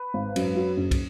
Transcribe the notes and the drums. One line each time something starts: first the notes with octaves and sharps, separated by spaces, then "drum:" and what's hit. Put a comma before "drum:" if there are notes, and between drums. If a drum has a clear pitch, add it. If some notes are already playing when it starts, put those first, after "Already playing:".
Already playing: B4
G#1
F#2, drum: cymbal
F#3
F#1
drum: kick, cymbal